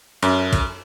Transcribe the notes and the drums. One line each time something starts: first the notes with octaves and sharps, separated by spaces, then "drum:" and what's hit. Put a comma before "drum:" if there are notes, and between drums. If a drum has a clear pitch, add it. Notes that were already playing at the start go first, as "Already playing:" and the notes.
F#2, drum: cymbal
drum: kick, cymbal